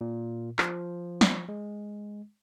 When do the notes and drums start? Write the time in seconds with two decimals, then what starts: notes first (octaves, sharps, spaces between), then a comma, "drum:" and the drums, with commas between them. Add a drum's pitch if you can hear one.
0.01 A#2
0.59 F3, drum: clap
1.21 drum: snare
1.49 G#3